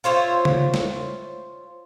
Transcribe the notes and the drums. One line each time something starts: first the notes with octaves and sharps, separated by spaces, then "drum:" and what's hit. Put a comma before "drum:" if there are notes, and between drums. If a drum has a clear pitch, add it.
F4 C5 C#5 E5
drum: tom C#3
drum: snare